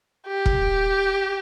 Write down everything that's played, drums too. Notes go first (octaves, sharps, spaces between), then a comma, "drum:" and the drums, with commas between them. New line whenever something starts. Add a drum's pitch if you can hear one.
G4
drum: kick E1